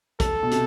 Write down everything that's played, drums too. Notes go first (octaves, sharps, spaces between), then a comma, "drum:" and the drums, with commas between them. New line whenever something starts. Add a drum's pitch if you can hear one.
A4, drum: kick, hi-hat
B2
C3, drum: hi-hat